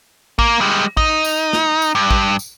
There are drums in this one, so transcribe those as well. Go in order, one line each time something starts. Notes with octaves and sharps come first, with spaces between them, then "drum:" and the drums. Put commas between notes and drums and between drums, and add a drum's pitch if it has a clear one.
A#3, drum: kick
G3 G#3
D#4, drum: kick
drum: tambourine
drum: snare
drum: tambourine
G2
drum: kick
drum: tambourine